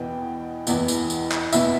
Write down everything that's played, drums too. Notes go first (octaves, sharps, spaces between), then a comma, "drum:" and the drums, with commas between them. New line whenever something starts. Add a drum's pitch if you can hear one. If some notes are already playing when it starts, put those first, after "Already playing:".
Already playing: E2 B2 B3 E4 G5
E2 B2 B3 E4, drum: tambourine
drum: tambourine
drum: tambourine
drum: clap
B2 B3 E4 E5, drum: tambourine